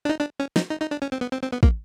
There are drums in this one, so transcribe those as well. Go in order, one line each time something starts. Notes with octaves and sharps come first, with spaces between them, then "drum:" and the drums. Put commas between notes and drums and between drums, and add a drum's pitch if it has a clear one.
D4
D#4
D4
C#4
D#4, drum: snare
D#4
D#4
D4
C#4
C4
B3
C4
C4
B3
A#3, drum: kick